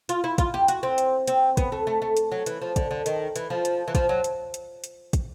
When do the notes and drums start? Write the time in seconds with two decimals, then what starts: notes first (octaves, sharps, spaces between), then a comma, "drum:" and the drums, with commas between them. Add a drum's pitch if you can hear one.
0.09 F4, drum: hi-hat
0.24 E4
0.38 F4, drum: kick, hi-hat
0.54 G4
0.68 F#4, drum: hi-hat
0.83 C4
0.98 drum: hi-hat
1.27 C4, drum: hi-hat
1.57 B3, drum: kick, hi-hat
1.72 A3
1.87 A3
2.02 A3
2.17 drum: hi-hat
2.32 F#3
2.46 E3, drum: hi-hat
2.62 F3
2.76 D3, drum: kick, hi-hat
2.91 D3
3.06 D#3, drum: hi-hat
3.36 E3, drum: hi-hat
3.50 F3
3.65 drum: hi-hat
3.88 E3
3.95 F3, drum: kick, hi-hat
4.09 F#3
4.24 drum: hi-hat
4.54 drum: hi-hat
4.84 drum: hi-hat
5.13 drum: kick, hi-hat